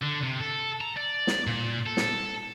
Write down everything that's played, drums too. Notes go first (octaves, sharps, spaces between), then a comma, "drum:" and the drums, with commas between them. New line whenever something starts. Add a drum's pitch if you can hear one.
D3
C3
A4
A#5
D5
drum: snare
A#2
A4
drum: snare